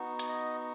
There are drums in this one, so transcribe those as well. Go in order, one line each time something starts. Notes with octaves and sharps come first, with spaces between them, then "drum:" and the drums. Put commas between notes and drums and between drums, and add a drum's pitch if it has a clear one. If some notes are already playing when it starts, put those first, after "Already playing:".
Already playing: B3 D#4 F#4
drum: hi-hat
D#5